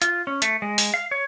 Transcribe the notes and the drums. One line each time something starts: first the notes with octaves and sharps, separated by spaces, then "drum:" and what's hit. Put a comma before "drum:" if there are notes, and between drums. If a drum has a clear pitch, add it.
F4, drum: hi-hat
C#4
A3, drum: hi-hat
G#3
drum: open hi-hat
F5
C#5